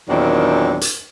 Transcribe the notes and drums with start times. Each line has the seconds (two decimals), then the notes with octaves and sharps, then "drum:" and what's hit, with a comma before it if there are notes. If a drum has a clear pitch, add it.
0.09 E2 A#2 D#3 F#3 C4 D4
0.81 drum: hi-hat